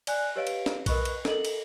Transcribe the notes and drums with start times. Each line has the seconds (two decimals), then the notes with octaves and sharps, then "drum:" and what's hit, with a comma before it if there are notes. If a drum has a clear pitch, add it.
0.07 D5 G#5 F#6, drum: cymbal
0.36 G4 B4 C#5 D#5 F5 D7
0.47 drum: cymbal
0.66 drum: snare
0.86 A#4 B4 D#5 B5 C#6 F#6, drum: kick B1, cymbal
1.05 drum: cymbal
1.25 A4 A#4 D#5 F#7, drum: snare
1.45 drum: cymbal